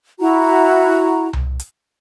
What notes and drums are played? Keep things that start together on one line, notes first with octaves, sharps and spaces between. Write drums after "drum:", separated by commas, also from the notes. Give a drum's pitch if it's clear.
E4 F#4 A#5
drum: tom C2
drum: hi-hat